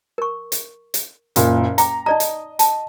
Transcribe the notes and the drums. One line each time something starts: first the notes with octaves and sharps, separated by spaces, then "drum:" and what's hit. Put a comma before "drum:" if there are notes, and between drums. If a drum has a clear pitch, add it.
A#4 C#6
drum: hi-hat
drum: hi-hat
F#1 A#2, drum: hi-hat
G5 A#5 D6, drum: hi-hat
D#4 D5 D#5 A#5
drum: hi-hat
A5, drum: hi-hat